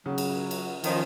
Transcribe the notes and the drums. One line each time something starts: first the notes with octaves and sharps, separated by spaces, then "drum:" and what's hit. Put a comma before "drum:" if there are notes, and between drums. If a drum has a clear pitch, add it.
C#3 F#3
drum: cymbal
drum: cymbal
D#3 F3 C#4, drum: cymbal